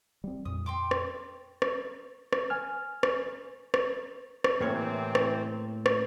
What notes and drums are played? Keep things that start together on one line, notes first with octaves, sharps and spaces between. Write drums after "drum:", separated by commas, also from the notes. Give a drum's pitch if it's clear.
G3 C4
F2 A#2 D#6
G5 C6 D6
drum: rim click
drum: rim click
drum: rim click
G#5 F6
drum: rim click
drum: rim click
drum: rim click
A2 C3 E3 A#3 C4 C#5
drum: rim click
drum: rim click